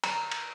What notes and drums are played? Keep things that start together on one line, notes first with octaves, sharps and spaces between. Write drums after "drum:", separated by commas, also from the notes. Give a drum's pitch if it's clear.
A#5, drum: cymbal
drum: cymbal